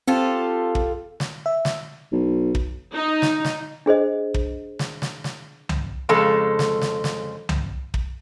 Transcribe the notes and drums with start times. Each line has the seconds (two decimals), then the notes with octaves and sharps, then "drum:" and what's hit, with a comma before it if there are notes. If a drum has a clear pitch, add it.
0.08 C4 F4 G4 A4
0.75 drum: kick
1.20 drum: snare
1.46 E5
1.65 drum: snare
2.12 B1
2.55 drum: kick
2.94 D#4
3.22 drum: snare
3.45 drum: snare
3.86 D4 G#4 C5 D#5
4.34 drum: kick
4.79 drum: snare
5.02 drum: snare
5.24 drum: snare
5.69 drum: tom C2
6.09 F2 C#3 G#3 A4 A5
6.59 drum: snare
6.82 drum: snare
7.04 drum: snare
7.49 drum: tom C2
7.94 drum: kick